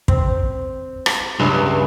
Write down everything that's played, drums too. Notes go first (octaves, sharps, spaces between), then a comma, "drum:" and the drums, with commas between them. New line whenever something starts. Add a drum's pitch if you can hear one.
C4, drum: kick
drum: rim click
C#2 G2 G#3 E4